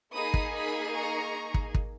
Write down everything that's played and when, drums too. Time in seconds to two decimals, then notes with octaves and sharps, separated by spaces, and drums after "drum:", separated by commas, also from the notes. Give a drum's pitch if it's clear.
0.13 A#3 D#4 G#4 B5 D#6
0.34 drum: kick
0.54 B5 D#6
0.93 A#5 C#6
1.54 drum: kick
1.74 drum: kick